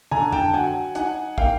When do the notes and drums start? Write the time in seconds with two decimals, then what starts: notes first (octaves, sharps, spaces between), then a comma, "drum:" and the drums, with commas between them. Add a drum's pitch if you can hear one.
0.11 D3 G#5 A#5
0.32 G5 A5, drum: tom F2
0.54 F#3 F#5 G#5
0.95 D#4 F#5 G#5, drum: hi-hat
1.38 A#3 F5 G5, drum: kick